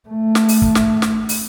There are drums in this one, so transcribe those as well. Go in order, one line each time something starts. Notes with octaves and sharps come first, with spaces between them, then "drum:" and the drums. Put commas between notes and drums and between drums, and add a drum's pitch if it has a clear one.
A3
drum: snare
drum: open hi-hat
drum: kick
drum: snare
drum: snare
drum: open hi-hat